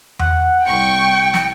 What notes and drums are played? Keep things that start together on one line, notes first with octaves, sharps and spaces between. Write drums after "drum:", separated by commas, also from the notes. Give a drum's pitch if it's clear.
F#5, drum: tom E2
C2 G5 C#6 C#7
drum: snare